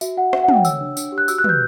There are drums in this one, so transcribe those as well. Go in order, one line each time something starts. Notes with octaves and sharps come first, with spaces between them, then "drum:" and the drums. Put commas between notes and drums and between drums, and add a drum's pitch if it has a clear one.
F#4 E5, drum: tambourine
F#4 F#5
F#4 E5, drum: rim click
F#5
C#5, drum: tom
G5
C#5 E6, drum: tambourine
D4
D4, drum: tambourine
G4
F#6
F#4 E6, drum: tambourine
F#6
B4 G6, drum: tom